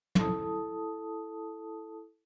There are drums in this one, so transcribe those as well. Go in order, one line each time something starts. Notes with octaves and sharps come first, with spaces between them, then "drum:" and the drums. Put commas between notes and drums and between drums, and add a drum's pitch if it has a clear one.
E4 A4 A5 D#6, drum: tom